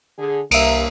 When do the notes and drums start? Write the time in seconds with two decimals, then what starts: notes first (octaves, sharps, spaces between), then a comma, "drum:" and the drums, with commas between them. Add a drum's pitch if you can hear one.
0.18 D3 G#4
0.51 C2 G2 A#3 E5, drum: cymbal